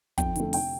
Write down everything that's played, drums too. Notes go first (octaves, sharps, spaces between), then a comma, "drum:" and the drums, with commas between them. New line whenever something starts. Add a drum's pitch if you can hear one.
F2 G5, drum: kick, hi-hat
D3 A3, drum: hi-hat
C3 G5, drum: open hi-hat